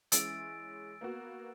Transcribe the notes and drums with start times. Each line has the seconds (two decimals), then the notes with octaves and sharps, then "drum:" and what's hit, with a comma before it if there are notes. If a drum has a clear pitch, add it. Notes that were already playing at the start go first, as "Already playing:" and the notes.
0.12 E3 G#3 C#4 E6 A6 D7, drum: hi-hat
1.01 A#3 B3 F#4